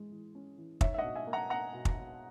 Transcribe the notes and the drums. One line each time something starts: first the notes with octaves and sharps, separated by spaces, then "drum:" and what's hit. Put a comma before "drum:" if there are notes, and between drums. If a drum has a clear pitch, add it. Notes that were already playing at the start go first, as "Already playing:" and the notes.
Already playing: E3 G#3
E3
C#4
E3
D#4 C#5 E5, drum: kick
E5
D#5 F#5
B2
E5 G#5
A#3
F#5 A#5
A#3 F#5 A#5
B2
drum: kick
B2